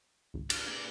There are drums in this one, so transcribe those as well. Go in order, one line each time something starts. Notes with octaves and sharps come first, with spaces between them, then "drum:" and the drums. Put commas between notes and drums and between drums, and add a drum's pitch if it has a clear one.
G#1 C#2
D4 F4, drum: cymbal
A#3 D5 G#6